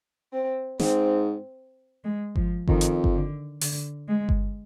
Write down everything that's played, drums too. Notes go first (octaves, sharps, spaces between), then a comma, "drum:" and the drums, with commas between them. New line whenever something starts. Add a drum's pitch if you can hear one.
C4
G#2 C4, drum: snare
G#3
F3, drum: kick G1
F2 D#3, drum: kick G1
drum: hi-hat
drum: kick G1
D3
D3, drum: open hi-hat
G#3
drum: kick G1